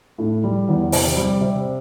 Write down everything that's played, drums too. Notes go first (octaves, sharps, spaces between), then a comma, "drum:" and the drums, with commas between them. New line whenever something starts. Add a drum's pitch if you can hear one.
A2
G3
E2
C3, drum: open hi-hat
G3
C3